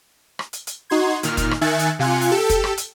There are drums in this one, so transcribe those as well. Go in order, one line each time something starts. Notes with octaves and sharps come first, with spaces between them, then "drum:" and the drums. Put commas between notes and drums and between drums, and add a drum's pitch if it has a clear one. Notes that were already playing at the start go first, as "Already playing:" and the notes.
drum: rim click
drum: hi-hat
drum: hi-hat
D#4 F#4 C6 G#6
A#2 D#3 F6, drum: hi-hat
drum: kick, hi-hat
drum: rim click
D#3 E5 G#5 F#6 A6 C#7
drum: hi-hat
C3 F4 G#5 F#6 C#7
drum: open hi-hat
G4 A4 E6
drum: kick, hi-hat
drum: rim click
drum: hi-hat